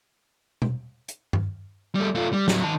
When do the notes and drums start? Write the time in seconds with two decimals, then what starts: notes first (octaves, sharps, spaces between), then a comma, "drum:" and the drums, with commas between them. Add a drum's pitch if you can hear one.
0.62 drum: tom B2
1.08 drum: hi-hat
1.33 drum: tom G2
1.95 G3 A3
2.15 A3 F4
2.33 G3
2.48 A2 F#3, drum: snare
2.64 D#3 A5